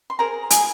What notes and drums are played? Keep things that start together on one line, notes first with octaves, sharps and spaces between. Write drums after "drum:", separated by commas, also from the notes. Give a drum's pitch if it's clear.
C6
G#4 A#4 C5 A#5
E4 G#4 G#5, drum: hi-hat